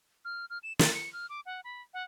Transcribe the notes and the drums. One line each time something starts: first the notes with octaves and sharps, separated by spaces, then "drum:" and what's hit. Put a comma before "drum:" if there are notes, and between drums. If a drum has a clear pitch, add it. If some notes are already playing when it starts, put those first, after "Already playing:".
F6
F6
E7
A6, drum: snare
C#7
F6
D6
F#5
B5
F#5